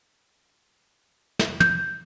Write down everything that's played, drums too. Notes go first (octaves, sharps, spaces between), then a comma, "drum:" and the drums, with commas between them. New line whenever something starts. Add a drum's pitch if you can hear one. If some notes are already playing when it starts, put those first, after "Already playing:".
drum: snare
G6, drum: tom